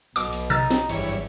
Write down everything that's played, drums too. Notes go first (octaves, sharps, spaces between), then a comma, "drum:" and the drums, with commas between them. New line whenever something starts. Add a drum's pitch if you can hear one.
B1 B2 D6, drum: cymbal
drum: cymbal
D#4 E6 A6, drum: tom B2
drum: snare
G#1 E2 G2 E3 C#5, drum: cymbal